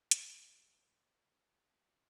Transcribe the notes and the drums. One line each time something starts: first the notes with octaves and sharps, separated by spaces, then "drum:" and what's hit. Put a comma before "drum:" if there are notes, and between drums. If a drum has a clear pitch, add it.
C5, drum: hi-hat
C5
A#4
A4
F4
F#4
F#4
F#4
F4